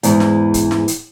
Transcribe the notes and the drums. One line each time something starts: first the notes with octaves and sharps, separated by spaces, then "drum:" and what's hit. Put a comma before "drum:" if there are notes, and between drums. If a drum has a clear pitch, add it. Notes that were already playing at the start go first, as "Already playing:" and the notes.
E2 G#2 E3, drum: hi-hat
drum: snare
drum: kick C#1, hi-hat
drum: snare
drum: hi-hat